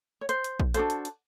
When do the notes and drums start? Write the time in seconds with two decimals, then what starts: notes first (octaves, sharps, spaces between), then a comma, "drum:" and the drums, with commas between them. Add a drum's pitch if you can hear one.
0.21 C#5
0.29 C5, drum: hi-hat
0.44 drum: hi-hat
0.60 drum: kick A#1
0.74 D4 F#4 A4 C5, drum: hi-hat
0.90 drum: hi-hat
1.05 drum: hi-hat